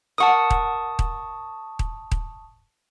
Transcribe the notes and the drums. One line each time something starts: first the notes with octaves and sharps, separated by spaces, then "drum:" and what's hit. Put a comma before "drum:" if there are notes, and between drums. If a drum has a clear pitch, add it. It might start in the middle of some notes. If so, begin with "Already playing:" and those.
A#4 F#5 A5 C#6 D#6
drum: kick D#1
drum: kick D#1
drum: kick D#1
drum: kick D#1